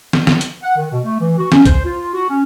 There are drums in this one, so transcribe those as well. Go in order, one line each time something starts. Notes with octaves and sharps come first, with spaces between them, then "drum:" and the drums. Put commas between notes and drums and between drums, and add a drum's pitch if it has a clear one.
drum: snare
drum: snare
drum: hi-hat
F#5
D#3
B2
A3
E3
F#4
C#4, drum: snare
C5, drum: kick, hi-hat
F4
F#4
C#4